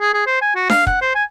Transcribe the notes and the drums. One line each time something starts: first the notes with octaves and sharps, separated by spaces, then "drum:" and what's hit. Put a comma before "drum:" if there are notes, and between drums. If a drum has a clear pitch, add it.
G#4
G#4
C5
G#5
F#4
F5, drum: snare D4
F#5, drum: kick
C5
G#5